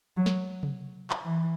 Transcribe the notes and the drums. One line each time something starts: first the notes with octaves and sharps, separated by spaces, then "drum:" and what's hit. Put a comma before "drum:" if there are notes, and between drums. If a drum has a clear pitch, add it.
F#3
drum: snare
drum: tom C3
drum: clap
E3